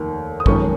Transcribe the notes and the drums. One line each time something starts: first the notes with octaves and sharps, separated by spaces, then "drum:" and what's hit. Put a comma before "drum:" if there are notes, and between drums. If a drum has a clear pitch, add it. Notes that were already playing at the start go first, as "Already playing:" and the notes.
Already playing: F1 D#2 D#3
D#6
F#1 F2 D#3 G#3 C#4 C#6, drum: kick